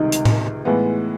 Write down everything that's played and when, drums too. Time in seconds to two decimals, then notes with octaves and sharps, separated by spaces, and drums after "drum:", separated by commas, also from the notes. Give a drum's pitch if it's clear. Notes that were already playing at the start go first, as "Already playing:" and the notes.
Already playing: C#2 C3 D#3 G3 D#4
0.12 drum: hi-hat
0.25 drum: tom A2
0.65 A2 E3 G#3 B3